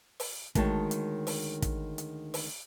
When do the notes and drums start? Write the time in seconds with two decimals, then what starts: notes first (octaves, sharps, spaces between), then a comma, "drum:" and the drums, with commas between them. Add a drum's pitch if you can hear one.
0.20 drum: open hi-hat
0.55 D2 D#3 G#3 C#5 G5 A5, drum: kick, hi-hat
0.91 drum: hi-hat
1.27 drum: open hi-hat
1.62 drum: kick, hi-hat
1.98 drum: hi-hat
2.34 drum: open hi-hat